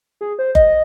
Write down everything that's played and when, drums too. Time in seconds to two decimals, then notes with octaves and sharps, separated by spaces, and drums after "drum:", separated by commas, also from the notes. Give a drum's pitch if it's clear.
0.21 G#4
0.39 C5
0.55 D#5, drum: kick F#1